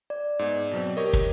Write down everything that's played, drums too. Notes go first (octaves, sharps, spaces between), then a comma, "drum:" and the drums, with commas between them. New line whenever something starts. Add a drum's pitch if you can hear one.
D5
G#2 B3
B2 F#3 C4
G4 A#4 C#5 D#5
drum: kick